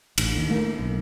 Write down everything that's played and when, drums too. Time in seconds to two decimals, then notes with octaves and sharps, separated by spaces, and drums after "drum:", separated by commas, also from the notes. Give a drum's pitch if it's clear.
0.18 A1, drum: cymbal
0.36 D#2
0.50 A3 A#3
0.79 B1